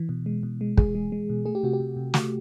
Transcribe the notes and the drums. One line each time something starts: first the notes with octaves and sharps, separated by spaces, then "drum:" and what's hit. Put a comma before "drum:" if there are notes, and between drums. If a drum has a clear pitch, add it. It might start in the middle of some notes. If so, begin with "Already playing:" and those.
Already playing: E3
B2
G#3
B2
G#3
G#3 G#4, drum: kick
G#3
G#3
B2
A3 G#4
G4
C3 F#4
G4
C3
C3
A3 F#4, drum: snare